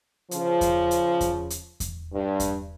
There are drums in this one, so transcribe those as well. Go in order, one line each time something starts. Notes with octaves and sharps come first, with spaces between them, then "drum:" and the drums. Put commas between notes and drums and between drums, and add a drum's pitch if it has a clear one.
C#3 F3, drum: hi-hat
drum: kick E2, hi-hat
drum: hi-hat
drum: kick E2, hi-hat
drum: hi-hat
drum: kick E2, hi-hat
G2
drum: kick E2, hi-hat